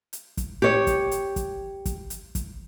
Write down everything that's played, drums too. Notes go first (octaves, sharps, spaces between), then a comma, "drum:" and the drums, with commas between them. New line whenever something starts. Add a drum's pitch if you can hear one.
drum: hi-hat
drum: kick, hi-hat
G4 C#5
drum: kick, hi-hat
drum: hi-hat
drum: kick, hi-hat
drum: kick, hi-hat
drum: hi-hat
drum: kick, hi-hat